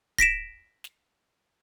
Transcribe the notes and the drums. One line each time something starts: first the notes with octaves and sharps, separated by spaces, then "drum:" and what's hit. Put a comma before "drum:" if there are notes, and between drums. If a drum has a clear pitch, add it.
A#6 B6 D7 E7, drum: kick D1
drum: snare